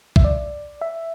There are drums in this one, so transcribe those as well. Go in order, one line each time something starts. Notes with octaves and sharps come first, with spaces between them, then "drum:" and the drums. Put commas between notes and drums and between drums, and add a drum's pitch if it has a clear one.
E5, drum: kick
D5
E5